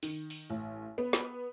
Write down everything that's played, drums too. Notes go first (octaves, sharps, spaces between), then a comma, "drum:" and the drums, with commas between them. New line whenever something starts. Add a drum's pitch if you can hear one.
D#3, drum: open hi-hat
drum: open hi-hat
A1
B3
drum: snare